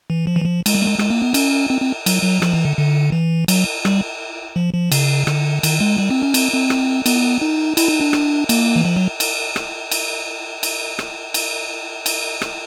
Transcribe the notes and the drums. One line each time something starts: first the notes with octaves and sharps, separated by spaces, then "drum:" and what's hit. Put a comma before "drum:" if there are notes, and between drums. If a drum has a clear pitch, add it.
E3
F3
E3
F3
G#3, drum: cymbal
G3
A3
G#3
G#3, drum: rim click
A#3
B3
C#4, drum: cymbal
C4
C4
F#3, drum: cymbal
F#3
F3, drum: rim click
E3
D3
D3
E3
F#3, drum: cymbal
G3, drum: rim click
F3
F3
C#3, drum: cymbal
D3, drum: rim click
D#3, drum: cymbal
G#3
G3
C4
C#4
C4, drum: cymbal
C4
drum: rim click
B3, drum: cymbal
D#4
E4, drum: cymbal
D#4
D4
drum: rim click
A#3, drum: cymbal
E3
F3
F#3
drum: cymbal
drum: rim click
drum: cymbal
drum: cymbal
drum: rim click
drum: cymbal
drum: cymbal
drum: rim click